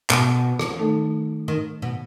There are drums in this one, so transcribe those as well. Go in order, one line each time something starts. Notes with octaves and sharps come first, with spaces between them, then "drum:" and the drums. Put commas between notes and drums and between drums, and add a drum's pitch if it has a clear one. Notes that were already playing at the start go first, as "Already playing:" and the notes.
B2, drum: clap
drum: rim click
D#3 A3 D#4 A4
D#3
B2